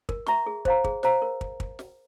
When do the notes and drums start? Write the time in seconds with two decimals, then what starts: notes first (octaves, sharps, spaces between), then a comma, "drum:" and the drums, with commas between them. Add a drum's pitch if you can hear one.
0.09 A#4, drum: kick
0.26 E5 A#5 C#6, drum: snare
0.46 G#4
0.65 C5 F5 A#5, drum: kick
0.84 G#4, drum: kick
1.03 C5 F5 A#5, drum: snare
1.22 A#4
1.41 drum: kick
1.60 drum: kick
1.79 drum: snare